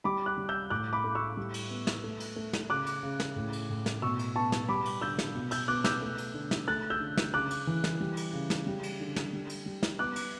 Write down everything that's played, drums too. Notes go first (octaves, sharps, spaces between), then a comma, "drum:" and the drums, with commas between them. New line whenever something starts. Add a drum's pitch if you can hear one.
G3 B5 D6
D6 F#6
G3
E6 G6
A2 D6 F#6
B5 D6
A3
C#6 E6
G3
drum: cymbal
B3
drum: snare
A3
drum: cymbal
A3
drum: snare
C#3 D6 F#6
drum: cymbal
C#3
drum: snare
A2
drum: cymbal
A2
drum: snare
B2 C#6 E6
drum: cymbal
B3 A5 C#6
drum: snare
G3 B5 D6
drum: cymbal
D3 E6 G6
drum: snare
B2
E6 G6, drum: cymbal
B3 D6 F#6
E6 G6, drum: snare
A3
drum: cymbal
D3
drum: snare
A3 F#6 A6
E6 G6
D3
drum: snare
C#3 D6 F#6
drum: cymbal
E3
drum: snare
G3
drum: cymbal
C#3
drum: snare
G3
drum: cymbal
D3
drum: snare
G3
drum: cymbal
G3
drum: snare
B3 D6 F#6
drum: cymbal